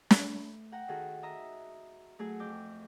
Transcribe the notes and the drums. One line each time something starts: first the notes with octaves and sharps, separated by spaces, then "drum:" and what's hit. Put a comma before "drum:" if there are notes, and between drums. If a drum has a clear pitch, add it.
drum: snare
A3
F#5 G5 A#5
D#3 F#4 G#4 A4
D#5 E5 A#5
F#3 A3 G#4
F2 D6 G6